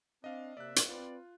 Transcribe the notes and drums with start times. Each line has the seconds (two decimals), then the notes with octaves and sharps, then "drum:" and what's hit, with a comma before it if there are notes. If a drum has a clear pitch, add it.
0.24 C4 D4 D#5 F5
0.57 C3 A#3 D5 E5 F#6
0.76 drum: hi-hat
0.89 C4 F4 B4 D5